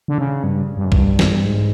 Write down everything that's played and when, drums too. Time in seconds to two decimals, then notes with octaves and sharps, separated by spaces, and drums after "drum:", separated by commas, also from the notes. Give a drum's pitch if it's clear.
0.08 D3
0.18 C#3
0.43 G2
0.77 G2
0.85 F#2
0.92 G2, drum: kick B1
1.19 drum: snare
1.44 G#2